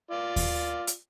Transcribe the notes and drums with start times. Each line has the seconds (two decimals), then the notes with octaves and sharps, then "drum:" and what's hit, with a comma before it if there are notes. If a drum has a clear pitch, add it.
0.11 F4 D5
0.36 drum: kick D#2, open hi-hat
0.87 drum: hi-hat